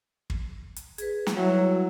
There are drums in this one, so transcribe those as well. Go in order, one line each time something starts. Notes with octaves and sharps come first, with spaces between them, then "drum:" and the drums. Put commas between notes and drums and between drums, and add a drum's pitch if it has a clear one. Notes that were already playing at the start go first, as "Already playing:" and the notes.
drum: kick
drum: hi-hat
G#4 B4, drum: hi-hat
drum: snare
F#3 G3 E4 E5